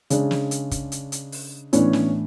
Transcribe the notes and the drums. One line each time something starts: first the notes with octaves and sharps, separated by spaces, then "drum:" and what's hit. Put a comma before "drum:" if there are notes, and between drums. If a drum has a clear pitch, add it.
C#3 G#3 D4, drum: hi-hat
drum: snare
drum: hi-hat
drum: kick, hi-hat
drum: hi-hat
drum: hi-hat
drum: open hi-hat
A2 E3 B3 C#4 D4 C#5, drum: hi-hat
drum: snare